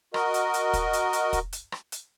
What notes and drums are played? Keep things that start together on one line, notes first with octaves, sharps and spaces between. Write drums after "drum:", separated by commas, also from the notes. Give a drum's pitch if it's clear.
F#4 A#4 D#5, drum: rim click
drum: hi-hat
drum: hi-hat
drum: kick, hi-hat
drum: hi-hat
drum: hi-hat
drum: kick, hi-hat
drum: hi-hat
drum: rim click
drum: hi-hat